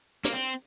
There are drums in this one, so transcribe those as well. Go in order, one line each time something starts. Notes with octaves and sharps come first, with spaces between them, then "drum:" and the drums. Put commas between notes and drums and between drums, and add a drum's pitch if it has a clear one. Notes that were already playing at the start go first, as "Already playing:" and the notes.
A#3, drum: hi-hat
C4